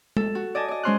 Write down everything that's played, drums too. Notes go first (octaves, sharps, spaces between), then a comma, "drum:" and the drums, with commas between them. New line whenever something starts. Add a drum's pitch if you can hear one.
A4, drum: tom
F#4
D5 D#5 G#5 A5
D5 D#5
G#3 C#4 C5 C6 F6 F#6